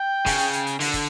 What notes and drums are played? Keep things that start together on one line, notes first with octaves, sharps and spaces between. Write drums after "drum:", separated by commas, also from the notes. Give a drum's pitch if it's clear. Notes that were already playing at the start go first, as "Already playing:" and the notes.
Already playing: G5
C#3, drum: kick, open hi-hat
drum: hi-hat
drum: hi-hat
drum: hi-hat
D3, drum: open hi-hat
drum: kick, hi-hat